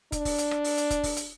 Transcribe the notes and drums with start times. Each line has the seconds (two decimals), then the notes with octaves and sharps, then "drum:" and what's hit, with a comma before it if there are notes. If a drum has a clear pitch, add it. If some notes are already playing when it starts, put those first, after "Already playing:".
0.12 D4, drum: kick, hi-hat
0.25 drum: kick, open hi-hat
0.38 drum: hi-hat
0.51 drum: rim click
0.64 drum: open hi-hat
0.77 drum: hi-hat
0.90 drum: kick, hi-hat
1.03 drum: kick, open hi-hat
1.17 drum: hi-hat